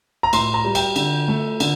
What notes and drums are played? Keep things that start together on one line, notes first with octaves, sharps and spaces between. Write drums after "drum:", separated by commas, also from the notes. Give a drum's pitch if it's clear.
A#5
A2 C6, drum: cymbal
A#5
G3
G5, drum: cymbal
D3, drum: cymbal
A3
D3, drum: cymbal